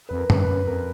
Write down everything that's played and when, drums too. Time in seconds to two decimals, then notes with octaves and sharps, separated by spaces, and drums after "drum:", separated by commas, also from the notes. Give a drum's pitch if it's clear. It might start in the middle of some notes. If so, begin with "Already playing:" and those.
0.09 F2 B4
0.18 A#4
0.30 F#2, drum: tom F#2
0.43 B4
0.49 F#2
0.67 F2 A#4